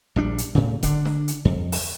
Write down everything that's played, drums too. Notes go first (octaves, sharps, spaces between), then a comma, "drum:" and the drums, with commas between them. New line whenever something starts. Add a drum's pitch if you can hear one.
A#1 G3 D4
drum: hi-hat
A2 C#3
D3 D4, drum: kick D#1, hi-hat
drum: snare
drum: hi-hat
F2
drum: open hi-hat